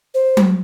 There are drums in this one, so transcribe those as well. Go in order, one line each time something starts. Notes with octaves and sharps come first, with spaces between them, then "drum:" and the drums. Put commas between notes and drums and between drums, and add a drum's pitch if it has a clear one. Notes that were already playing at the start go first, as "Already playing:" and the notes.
C5
drum: tom F#3